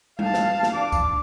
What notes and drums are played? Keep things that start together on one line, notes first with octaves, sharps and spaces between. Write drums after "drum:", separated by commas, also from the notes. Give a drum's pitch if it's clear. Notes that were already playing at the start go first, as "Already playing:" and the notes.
F5 A5, drum: tom G3
drum: snare
drum: snare
D4 D6
drum: kick C2, tambourine